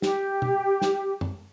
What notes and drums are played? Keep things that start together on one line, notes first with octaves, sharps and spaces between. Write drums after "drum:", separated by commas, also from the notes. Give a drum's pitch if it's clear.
G4, drum: snare
drum: tom
drum: snare
drum: tom